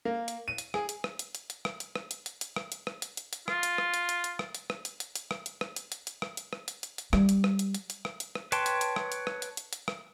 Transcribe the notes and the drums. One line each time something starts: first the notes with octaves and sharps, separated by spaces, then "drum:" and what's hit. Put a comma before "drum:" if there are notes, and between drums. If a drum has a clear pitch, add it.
A#3
drum: hi-hat
D#7
drum: hi-hat
G#4, drum: rim click
drum: hi-hat
drum: rim click
drum: hi-hat
drum: hi-hat
drum: hi-hat
drum: rim click
drum: hi-hat
drum: rim click
drum: hi-hat
drum: hi-hat
drum: hi-hat
drum: rim click
drum: hi-hat
drum: rim click
drum: hi-hat
drum: hi-hat
drum: hi-hat
F4, drum: rim click
drum: hi-hat
drum: rim click
drum: hi-hat
drum: hi-hat
drum: hi-hat
drum: rim click
drum: hi-hat
drum: rim click
drum: hi-hat
drum: hi-hat
drum: hi-hat
drum: rim click
drum: hi-hat
drum: rim click
drum: hi-hat
drum: hi-hat
drum: hi-hat
drum: rim click
drum: hi-hat
drum: rim click
drum: hi-hat
drum: hi-hat
drum: hi-hat
G3, drum: rim click
drum: hi-hat
drum: rim click
drum: hi-hat
drum: hi-hat
drum: hi-hat
drum: rim click
drum: hi-hat
drum: rim click
B4 C#5 G5 A5 C6, drum: hi-hat
drum: hi-hat
drum: hi-hat
drum: rim click
drum: hi-hat
drum: rim click
drum: hi-hat
drum: hi-hat
drum: hi-hat
drum: rim click